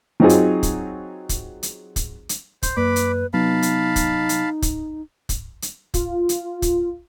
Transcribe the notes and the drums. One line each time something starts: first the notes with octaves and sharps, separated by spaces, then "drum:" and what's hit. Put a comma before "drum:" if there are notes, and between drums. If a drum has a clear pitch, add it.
F#3 C4 D#4 F4 G#4
drum: hi-hat
drum: kick, hi-hat
drum: kick, hi-hat
drum: hi-hat
drum: kick, hi-hat
drum: hi-hat
C5, drum: kick, hi-hat
F#2 A#3 B4 D5 B5 D6
drum: hi-hat
C3 F#3 B3 D#4 F5 A5 B5
drum: hi-hat
drum: kick, hi-hat
drum: hi-hat
drum: kick, hi-hat
drum: kick, hi-hat
drum: hi-hat
F4, drum: kick, hi-hat
drum: hi-hat
drum: kick, hi-hat